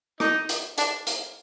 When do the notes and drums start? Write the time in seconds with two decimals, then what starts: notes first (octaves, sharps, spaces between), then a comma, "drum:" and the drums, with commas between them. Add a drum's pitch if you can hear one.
0.20 D#4, drum: rim click
0.49 drum: hi-hat
0.78 D4, drum: hi-hat
1.07 drum: hi-hat